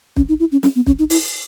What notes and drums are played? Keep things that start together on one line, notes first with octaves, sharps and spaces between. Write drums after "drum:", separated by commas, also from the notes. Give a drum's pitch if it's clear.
C#4, drum: kick
D#4
E4
C#4
C#4, drum: snare
B3
C#4, drum: kick
D#4
E4, drum: open hi-hat